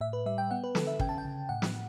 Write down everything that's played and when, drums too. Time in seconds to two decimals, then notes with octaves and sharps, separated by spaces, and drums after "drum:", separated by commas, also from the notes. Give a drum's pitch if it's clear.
0.01 A2 E5
0.13 B4
0.26 G3 E5
0.38 G5
0.51 B3 F#5
0.64 B4
0.75 D3 A4, drum: snare
0.87 E5
0.99 C#4 G5, drum: kick
1.09 A5
1.18 G5
1.25 C#3
1.49 A2 F#5
1.62 drum: snare